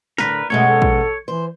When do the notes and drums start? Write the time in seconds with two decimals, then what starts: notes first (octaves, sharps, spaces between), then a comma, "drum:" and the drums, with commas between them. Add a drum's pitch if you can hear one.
0.18 A2 D3 A#4 B4, drum: snare
0.50 F#2 B2 G#3 A3 C#5
0.68 A4
0.82 drum: kick
1.28 E3 C5